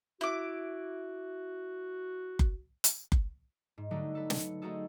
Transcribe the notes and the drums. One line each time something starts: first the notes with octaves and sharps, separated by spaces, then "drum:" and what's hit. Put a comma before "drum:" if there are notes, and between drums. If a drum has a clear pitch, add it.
E4 F#4 D6
drum: kick F#1
drum: hi-hat
drum: kick F#1
G#2
D3 F#3 G3 A3 D4 D#4
A4 B4
C#7, drum: snare
A3 C4 D#4 F#4 G#4 A4